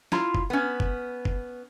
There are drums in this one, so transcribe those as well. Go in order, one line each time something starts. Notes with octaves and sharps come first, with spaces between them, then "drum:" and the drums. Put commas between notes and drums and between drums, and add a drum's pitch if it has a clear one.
E4 F4 A#5, drum: snare
drum: kick
B3 C#4
drum: kick
drum: kick